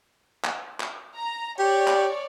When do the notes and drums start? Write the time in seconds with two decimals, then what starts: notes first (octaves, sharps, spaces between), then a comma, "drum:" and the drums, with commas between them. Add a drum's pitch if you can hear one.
0.44 drum: clap
0.80 drum: clap
1.16 A#5
1.59 G4 C#5 D5
1.88 drum: clap